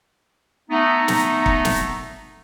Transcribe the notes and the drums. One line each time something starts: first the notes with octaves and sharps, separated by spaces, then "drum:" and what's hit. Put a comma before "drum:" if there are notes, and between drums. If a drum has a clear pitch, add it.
A3 B3 D#4
drum: snare
drum: kick
drum: snare